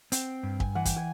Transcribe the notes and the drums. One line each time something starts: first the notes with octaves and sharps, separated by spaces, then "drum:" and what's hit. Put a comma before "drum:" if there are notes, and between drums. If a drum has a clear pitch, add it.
C4 G5, drum: hi-hat
G2
G#5, drum: kick
E3 F#5
G5, drum: kick, hi-hat
G#5